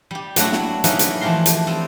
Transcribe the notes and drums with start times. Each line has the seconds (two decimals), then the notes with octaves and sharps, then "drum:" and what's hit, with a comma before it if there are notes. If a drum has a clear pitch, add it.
0.11 G3 G4
0.36 F#3 A3 D4 E4 F#4, drum: hi-hat
0.53 drum: snare
0.84 F#3 A#3 C#4 D#4 E4 B4, drum: hi-hat
0.99 drum: hi-hat
1.21 E3 F3 A3 G4 A#4 C6
1.46 drum: hi-hat
1.67 G3 C4